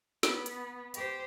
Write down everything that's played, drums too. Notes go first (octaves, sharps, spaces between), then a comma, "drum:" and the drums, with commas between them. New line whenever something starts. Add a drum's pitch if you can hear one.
B3, drum: snare
drum: hi-hat
G4 C5, drum: hi-hat